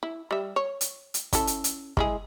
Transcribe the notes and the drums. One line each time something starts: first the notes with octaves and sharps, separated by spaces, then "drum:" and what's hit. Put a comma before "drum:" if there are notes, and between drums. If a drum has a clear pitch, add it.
E4
G3 E5
C#5
drum: hi-hat
drum: hi-hat
C#4 E4 A4, drum: kick, hi-hat
drum: hi-hat
drum: hi-hat
G#3 E4 G#4, drum: kick